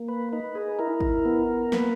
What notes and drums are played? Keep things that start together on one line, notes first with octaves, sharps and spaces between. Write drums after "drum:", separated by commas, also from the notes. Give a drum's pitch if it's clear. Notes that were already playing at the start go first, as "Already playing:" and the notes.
Already playing: A#3
B4
D#4 B4
G#4
E4 A#4
drum: kick G#1
B3
A#3 B4, drum: snare